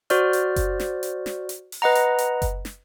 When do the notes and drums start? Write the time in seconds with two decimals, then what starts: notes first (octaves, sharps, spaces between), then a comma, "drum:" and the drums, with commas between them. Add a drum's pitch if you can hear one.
0.10 F#4 C5 D5 F6, drum: hi-hat
0.33 drum: hi-hat
0.56 drum: kick F#1, hi-hat
0.80 drum: snare
1.03 drum: hi-hat
1.26 drum: snare
1.49 drum: hi-hat
1.72 drum: open hi-hat
1.82 B4 D#5 F#5 A#5
1.95 drum: hi-hat
2.19 drum: hi-hat
2.42 drum: kick F#1, hi-hat
2.65 drum: snare